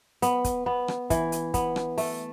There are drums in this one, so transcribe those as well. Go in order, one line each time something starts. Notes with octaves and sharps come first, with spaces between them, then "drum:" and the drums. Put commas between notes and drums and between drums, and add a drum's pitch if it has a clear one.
B3, drum: hi-hat
drum: kick, hi-hat
B3
drum: rim click
E3, drum: kick, hi-hat
drum: hi-hat
B3, drum: kick, hi-hat
drum: rim click
A3, drum: open hi-hat